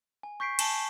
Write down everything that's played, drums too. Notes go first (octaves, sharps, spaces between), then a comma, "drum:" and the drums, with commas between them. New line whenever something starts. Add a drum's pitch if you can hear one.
G#5
C#6 G6 B6 C7 D7
G#5 A5, drum: cymbal